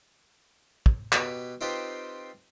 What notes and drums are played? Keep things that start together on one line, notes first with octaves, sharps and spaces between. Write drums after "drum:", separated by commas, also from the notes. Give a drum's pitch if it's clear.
drum: kick
B2 G4 B4, drum: clap
C4 D#4 F4 G4 B4 C5